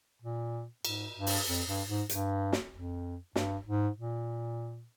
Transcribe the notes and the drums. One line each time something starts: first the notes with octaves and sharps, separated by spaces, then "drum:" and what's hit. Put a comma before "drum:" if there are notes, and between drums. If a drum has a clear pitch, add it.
A#2
G#2, drum: cymbal
G2
drum: open hi-hat
F2
G2
G#2
G2, drum: hi-hat
drum: snare
F2
G2, drum: snare
G#2
A#2